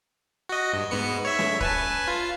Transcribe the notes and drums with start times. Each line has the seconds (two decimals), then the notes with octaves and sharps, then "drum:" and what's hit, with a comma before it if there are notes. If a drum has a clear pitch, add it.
0.49 F#4 D#5
0.73 G2
0.91 G#2 B3 C#7
1.25 C#5 E5
1.39 drum: snare
1.61 B4 G#5 A5, drum: kick
2.08 F4